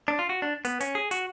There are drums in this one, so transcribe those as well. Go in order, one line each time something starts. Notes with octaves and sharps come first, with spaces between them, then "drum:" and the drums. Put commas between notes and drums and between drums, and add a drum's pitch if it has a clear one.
D4
F4
F#4
D4
B3, drum: hi-hat
C#4, drum: hi-hat
G#4
F#4, drum: hi-hat